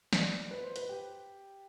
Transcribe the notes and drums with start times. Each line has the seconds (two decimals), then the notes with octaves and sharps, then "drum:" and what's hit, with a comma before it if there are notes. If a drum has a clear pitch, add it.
0.13 D5, drum: snare
0.51 B4
0.64 C5
0.76 B4, drum: hi-hat
0.89 G4